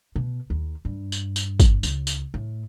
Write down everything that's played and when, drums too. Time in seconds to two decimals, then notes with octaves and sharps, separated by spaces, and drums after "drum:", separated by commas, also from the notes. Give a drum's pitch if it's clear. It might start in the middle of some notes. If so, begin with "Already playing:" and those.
0.16 B2
0.50 D#2
0.85 G2
1.12 drum: tambourine
1.36 drum: tambourine
1.60 drum: kick, tambourine
1.83 C#2, drum: tambourine
2.07 drum: tambourine
2.34 A2